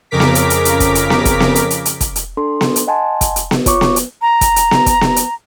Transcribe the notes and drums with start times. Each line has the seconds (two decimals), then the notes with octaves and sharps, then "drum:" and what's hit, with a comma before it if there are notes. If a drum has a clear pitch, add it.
0.11 F2 C#3 A#4 D6 B6
0.20 drum: snare B3
0.35 drum: hi-hat
0.50 drum: hi-hat
0.65 drum: hi-hat
0.80 drum: kick, hi-hat
0.95 drum: hi-hat
1.10 drum: snare B3
1.25 drum: kick, hi-hat
1.40 drum: snare B3
1.55 drum: hi-hat
1.70 drum: hi-hat
1.85 drum: hi-hat
2.01 drum: kick, hi-hat
2.16 drum: hi-hat
2.37 D4 A4 C6
2.61 drum: snare B3
2.76 drum: hi-hat
2.87 D#5 F#5 G#5 A5 C6
3.21 drum: kick, hi-hat
3.36 drum: hi-hat
3.51 drum: snare B3
3.66 F4 C#5 C#6 D6, drum: kick, hi-hat
3.81 drum: snare B3
3.96 drum: hi-hat
4.22 A#5
4.41 drum: kick, hi-hat
4.56 drum: hi-hat
4.71 drum: snare B3
4.86 drum: kick, hi-hat
5.01 drum: snare B3
5.16 drum: hi-hat